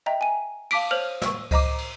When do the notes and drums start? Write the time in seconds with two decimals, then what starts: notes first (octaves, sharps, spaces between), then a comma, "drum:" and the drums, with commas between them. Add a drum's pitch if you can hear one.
0.06 D#5 E5 G5 A#5
0.21 G#5 D#7
0.71 F5 A5 D6 B6 D7, drum: cymbal
0.91 C5 C#5 F6 F7 F#7
1.22 C#6 E6, drum: snare
1.51 C5 D#5 A#5 D6, drum: kick C#2, cymbal
1.78 drum: cymbal